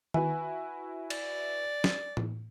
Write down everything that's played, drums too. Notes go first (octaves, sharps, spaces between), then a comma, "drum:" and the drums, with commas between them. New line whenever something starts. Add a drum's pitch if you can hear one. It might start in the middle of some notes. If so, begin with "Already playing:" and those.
E4 F#4 B4 G#5, drum: tom D#3
D5, drum: cymbal
drum: snare
drum: tom A2